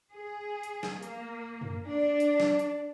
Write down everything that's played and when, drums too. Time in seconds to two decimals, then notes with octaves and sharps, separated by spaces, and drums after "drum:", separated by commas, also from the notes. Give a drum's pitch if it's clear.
0.12 G#4
0.63 drum: hi-hat
0.83 drum: snare
1.03 A#3, drum: hi-hat
1.61 drum: tom F#2
1.86 D4
2.20 drum: hi-hat
2.40 drum: snare
2.59 drum: hi-hat